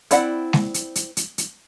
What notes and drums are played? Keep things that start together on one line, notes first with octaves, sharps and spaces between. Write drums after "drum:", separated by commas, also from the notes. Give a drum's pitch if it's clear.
C4 E4 D5 F#5, drum: hi-hat
drum: snare G#3
drum: hi-hat
drum: hi-hat
drum: hi-hat
drum: hi-hat